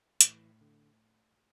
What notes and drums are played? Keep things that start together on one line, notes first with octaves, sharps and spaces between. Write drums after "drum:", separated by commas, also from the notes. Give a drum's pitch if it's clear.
A2 E3, drum: hi-hat
D3